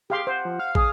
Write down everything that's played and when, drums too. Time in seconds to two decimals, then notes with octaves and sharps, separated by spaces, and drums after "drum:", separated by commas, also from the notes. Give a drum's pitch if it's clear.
0.10 G4 G#4 F5 C6
0.27 C5 F#5
0.45 F3
0.59 F5
0.75 G#4 D#6, drum: kick